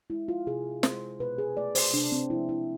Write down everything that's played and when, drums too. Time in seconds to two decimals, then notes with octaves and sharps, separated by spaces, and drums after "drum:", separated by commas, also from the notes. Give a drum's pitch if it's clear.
0.10 G#3 E4
0.28 F4
0.47 C3 G#4
0.83 G#3 C5, drum: snare
1.20 B2 B4
1.38 G#4
1.57 A3 D5
1.75 C5, drum: open hi-hat
1.93 C3 D4
2.12 C4
2.30 F3 G#3 E4
2.49 E4